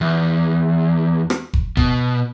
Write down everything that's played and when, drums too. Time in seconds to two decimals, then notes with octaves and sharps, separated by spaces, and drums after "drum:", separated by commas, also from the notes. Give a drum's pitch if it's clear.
0.01 E2
1.30 drum: rim click
1.53 drum: kick F1
1.77 B2, drum: kick F1